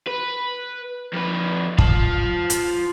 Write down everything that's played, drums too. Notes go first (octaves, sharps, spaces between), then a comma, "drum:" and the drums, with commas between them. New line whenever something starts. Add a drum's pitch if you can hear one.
B4
F2 B4
F4 A5, drum: kick
drum: hi-hat